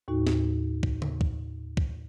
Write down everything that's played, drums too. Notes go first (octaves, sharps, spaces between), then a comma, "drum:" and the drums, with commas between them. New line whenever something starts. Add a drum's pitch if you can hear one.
D#2 A2 D#4 F#4
drum: snare
drum: kick
drum: tom C#3
drum: kick
drum: kick